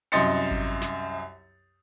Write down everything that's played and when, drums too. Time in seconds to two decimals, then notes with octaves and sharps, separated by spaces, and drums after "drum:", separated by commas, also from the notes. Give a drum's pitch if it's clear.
0.12 C2 F#2 D#5 C6 A6 C#7
0.51 drum: kick G#1
0.81 drum: snare